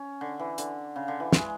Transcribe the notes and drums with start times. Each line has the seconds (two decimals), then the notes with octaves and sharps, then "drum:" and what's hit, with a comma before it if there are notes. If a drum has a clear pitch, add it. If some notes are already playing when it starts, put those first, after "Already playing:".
Already playing: C#4
0.21 D3
0.39 E3
0.58 D3, drum: hi-hat
0.96 C#3
1.08 D3
1.20 E3
1.32 G#3, drum: snare